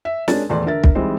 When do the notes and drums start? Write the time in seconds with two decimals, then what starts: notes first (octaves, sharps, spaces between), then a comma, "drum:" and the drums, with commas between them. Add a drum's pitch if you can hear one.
0.05 E5
0.28 G#3 C#4 D4 A#4 A6, drum: snare
0.49 D#1 E2 A3 D5 C6
0.66 D3 A#4 E5 A6
0.84 drum: kick
0.95 E3 G3 G#3 C4 D#4 C5